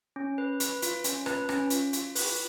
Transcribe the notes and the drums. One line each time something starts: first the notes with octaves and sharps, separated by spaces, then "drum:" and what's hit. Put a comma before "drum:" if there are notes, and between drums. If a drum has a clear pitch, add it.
C#4
B4
B4, drum: hi-hat
F4, drum: hi-hat
C#4, drum: hi-hat
B4, drum: rim click
C#4, drum: rim click
F4, drum: hi-hat
F4, drum: hi-hat
B4, drum: open hi-hat